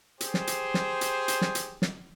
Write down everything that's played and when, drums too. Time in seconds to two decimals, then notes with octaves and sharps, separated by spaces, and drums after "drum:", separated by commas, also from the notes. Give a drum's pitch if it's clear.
0.21 G4 G#4 C5, drum: hi-hat
0.34 drum: snare
0.47 drum: hi-hat
0.74 drum: snare
1.01 drum: hi-hat
1.28 drum: hi-hat
1.41 drum: snare
1.55 drum: hi-hat
1.82 drum: snare